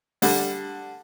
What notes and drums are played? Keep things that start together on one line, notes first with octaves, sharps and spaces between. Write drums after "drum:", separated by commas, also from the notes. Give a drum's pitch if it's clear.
D3 G3, drum: open hi-hat